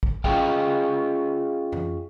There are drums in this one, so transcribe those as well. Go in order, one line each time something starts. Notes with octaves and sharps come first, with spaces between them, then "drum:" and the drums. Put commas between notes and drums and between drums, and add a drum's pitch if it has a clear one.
drum: kick
C#4 F4 G#4 D#5 F5 G5, drum: kick
drum: tom F2